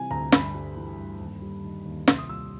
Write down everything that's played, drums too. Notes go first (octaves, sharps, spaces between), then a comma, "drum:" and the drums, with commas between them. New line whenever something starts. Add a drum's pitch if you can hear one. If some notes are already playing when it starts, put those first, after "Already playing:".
Already playing: C3 E3 G3 G#5
D2 A#5
G2 B5, drum: snare
G3
E3
G2
D#2
G3
D#3
D#2
C2 C6, drum: snare
D#6
G3 E6